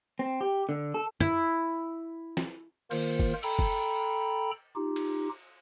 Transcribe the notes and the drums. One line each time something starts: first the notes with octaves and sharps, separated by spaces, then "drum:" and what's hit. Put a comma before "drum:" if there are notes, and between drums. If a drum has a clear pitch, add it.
C4
G4
D3
A4
E4, drum: tom
drum: snare
D#3 A#3 F4 A#4 C5, drum: cymbal
drum: kick
A4 G5 A#5 B5, drum: cymbal
drum: kick
D#4 F4 G4
drum: cymbal